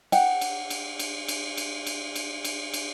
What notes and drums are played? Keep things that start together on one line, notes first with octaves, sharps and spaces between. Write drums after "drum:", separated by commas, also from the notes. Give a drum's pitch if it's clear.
F#5 G5, drum: cymbal
drum: cymbal
drum: cymbal
drum: cymbal
drum: cymbal
drum: cymbal
drum: cymbal
drum: cymbal
drum: cymbal
drum: cymbal